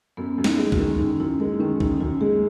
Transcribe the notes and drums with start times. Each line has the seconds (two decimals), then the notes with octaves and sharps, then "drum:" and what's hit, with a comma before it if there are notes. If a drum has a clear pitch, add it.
0.17 F#2 B3
0.38 F#2
0.44 D#4, drum: snare
0.58 G#3
0.72 F#4, drum: kick C2
0.79 D#3
0.98 F#2 D#4
1.20 F#2 E4
1.40 G#3 A#4
1.59 D#3 C#4
1.80 F#2 D#4, drum: kick C2
2.00 F#2 F#4
2.21 G#3 G#4